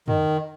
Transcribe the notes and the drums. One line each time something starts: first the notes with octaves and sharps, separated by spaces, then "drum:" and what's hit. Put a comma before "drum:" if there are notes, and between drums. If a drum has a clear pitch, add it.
D#3, drum: tom